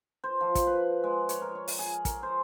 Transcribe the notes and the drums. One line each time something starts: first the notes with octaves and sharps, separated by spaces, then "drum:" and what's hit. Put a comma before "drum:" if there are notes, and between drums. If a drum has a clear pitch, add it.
C5
F3
drum: kick, hi-hat
B4
G#3
C#5, drum: hi-hat
A#4
C#5
drum: open hi-hat
G#4
A#4, drum: kick, hi-hat
C5